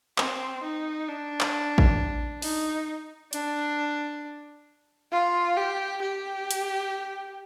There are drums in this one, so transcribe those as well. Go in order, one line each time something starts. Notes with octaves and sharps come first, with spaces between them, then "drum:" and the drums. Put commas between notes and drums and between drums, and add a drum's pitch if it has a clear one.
C4, drum: clap
D#4
D4
drum: clap
drum: kick A1
D#4, drum: open hi-hat
D4, drum: hi-hat
F4
G4
G4
drum: hi-hat